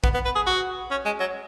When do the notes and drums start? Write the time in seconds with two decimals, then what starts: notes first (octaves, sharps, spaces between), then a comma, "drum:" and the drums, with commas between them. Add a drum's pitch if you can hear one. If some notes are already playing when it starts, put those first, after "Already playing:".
0.04 B3, drum: kick A1
0.14 B3
0.25 B4
0.36 G#4
0.47 F#4
0.91 C#4
1.06 G#3
1.20 F#3